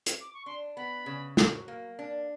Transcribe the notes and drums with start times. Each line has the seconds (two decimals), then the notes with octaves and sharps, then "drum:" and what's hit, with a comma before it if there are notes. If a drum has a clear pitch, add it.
0.06 drum: hi-hat
0.21 D6
0.34 C#6
0.46 D4 C6
0.76 B3 B5
1.06 C#3
1.37 F#3, drum: snare
1.68 A#3
1.99 D4